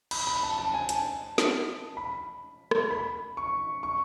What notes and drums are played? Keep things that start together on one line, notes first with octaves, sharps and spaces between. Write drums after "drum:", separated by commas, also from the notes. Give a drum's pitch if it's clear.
B5, drum: cymbal
B5
A5
A5
G#5
A5, drum: hi-hat
drum: snare
B5
drum: rim click
B5
C#6
C#6